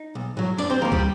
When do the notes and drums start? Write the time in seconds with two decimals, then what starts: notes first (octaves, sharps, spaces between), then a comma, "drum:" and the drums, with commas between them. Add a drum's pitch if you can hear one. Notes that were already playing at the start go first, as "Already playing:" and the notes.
Already playing: D#4
0.15 B1
0.37 A2 F#3
0.58 F#2 D4 D5, drum: tambourine
0.70 C4 C5
0.81 D#3 G3 A#3 A#4
0.92 G3 G4, drum: kick